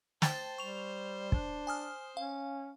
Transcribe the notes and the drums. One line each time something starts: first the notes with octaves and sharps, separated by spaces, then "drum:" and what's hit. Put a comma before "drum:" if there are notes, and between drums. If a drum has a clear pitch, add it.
C5 G5 A5 A6, drum: snare
G3 C#6 F7
D4, drum: kick
G#5 D#6 F6
C#4 F5